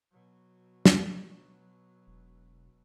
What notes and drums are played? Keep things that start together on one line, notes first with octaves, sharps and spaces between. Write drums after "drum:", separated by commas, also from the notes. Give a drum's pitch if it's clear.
B2 F#3
drum: snare
E1